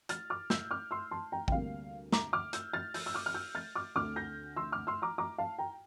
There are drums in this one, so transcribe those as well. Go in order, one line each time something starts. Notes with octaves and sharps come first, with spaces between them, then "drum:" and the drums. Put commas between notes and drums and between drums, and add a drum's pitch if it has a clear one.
F6 A6, drum: hi-hat
D6 F6
E6 G6, drum: snare
D6 F6
C6 E6
A5 C6
G5 A#5
G5, drum: kick A1
D2 C3 G3 A#3 F5
A#5 D6, drum: snare
D6 F6
E6 G6, drum: hi-hat
F6 A6
E6 G6, drum: open hi-hat
E6
D6 F6
F6
E6 G6
F6 A6
D6 F6
D2 D3 A3 C4 D6 F6
G6 A#6
C6 E6
D6 F6
C6 E6
A#5 D6
A#5 D6
F5 A5
G5 A#5